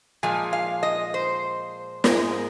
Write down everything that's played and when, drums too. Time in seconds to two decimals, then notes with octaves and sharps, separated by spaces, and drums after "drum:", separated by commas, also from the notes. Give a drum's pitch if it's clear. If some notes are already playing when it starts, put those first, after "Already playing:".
0.23 A#2 F3 G#3 G#5
0.53 F5
0.83 D#5
1.14 C5
2.04 G#2 G#3 A#4, drum: snare